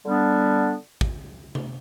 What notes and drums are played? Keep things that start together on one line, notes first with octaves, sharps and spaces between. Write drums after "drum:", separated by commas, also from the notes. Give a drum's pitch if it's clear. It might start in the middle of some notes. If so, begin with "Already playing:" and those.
D3 G3 B3 D4
drum: kick
drum: tom C3